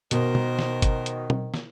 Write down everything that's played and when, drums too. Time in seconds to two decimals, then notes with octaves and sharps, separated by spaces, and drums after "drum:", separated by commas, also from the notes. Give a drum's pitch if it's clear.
0.11 B2 D#3 A#4 C5, drum: hi-hat
0.35 drum: tom B2
0.59 drum: snare
0.82 drum: kick G1, hi-hat
1.06 drum: hi-hat
1.30 drum: tom
1.54 drum: snare